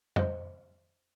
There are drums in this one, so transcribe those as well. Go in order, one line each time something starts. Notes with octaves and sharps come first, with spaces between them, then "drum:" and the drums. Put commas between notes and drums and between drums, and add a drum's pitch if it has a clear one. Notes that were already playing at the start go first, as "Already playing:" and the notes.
C5 D#5, drum: tom F2